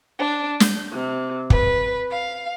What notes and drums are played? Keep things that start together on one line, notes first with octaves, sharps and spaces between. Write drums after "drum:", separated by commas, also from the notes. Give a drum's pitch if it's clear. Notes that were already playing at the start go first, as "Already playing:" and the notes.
D4
G6, drum: snare
C3
B4, drum: kick
F5